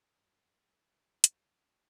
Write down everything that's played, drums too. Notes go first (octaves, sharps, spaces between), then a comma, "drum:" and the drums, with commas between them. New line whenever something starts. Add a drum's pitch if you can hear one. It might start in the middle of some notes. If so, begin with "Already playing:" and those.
G2 F#3 F6
drum: hi-hat